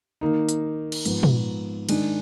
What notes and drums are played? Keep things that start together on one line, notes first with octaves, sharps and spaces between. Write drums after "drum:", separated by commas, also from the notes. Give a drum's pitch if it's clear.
D#3 A#3 D#4
drum: hi-hat
drum: cymbal
G#2 F3 B3, drum: hi-hat
drum: tom
D#3 G#3 D4, drum: cymbal